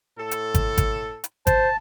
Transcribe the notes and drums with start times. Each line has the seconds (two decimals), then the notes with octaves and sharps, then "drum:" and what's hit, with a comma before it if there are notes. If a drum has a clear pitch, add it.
0.18 A2 A4
0.31 drum: hi-hat
0.54 drum: kick G#1, hi-hat
0.78 drum: kick G#1, hi-hat
1.24 drum: hi-hat
1.47 C5 A5, drum: kick G#1, hi-hat